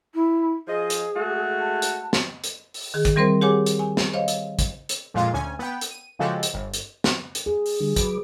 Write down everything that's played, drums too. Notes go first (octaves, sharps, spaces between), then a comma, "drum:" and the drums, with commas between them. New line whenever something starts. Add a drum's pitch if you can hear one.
E4
F3 G#4 D#5
drum: hi-hat
G#3 A3 F#4
A5
drum: hi-hat
drum: snare
drum: hi-hat
drum: open hi-hat
D#3 G#4
drum: kick, hi-hat
E3 G3 C4 A#4 C5
G4 G#4 C#5 F#5 G#5 D6
drum: hi-hat
G#5
drum: snare
C5 C#5 D#5 F5
drum: hi-hat
drum: kick, hi-hat
drum: hi-hat
F2 A#2 G#3 F4
D2 C#4 G#5
B3 G5
drum: hi-hat
D#7
C#3 F3 G#3 F#4 G4 A4
drum: hi-hat
G1
drum: hi-hat
drum: snare
drum: hi-hat
G#4
drum: open hi-hat
D3 G3
F#3 B4 D6, drum: kick, hi-hat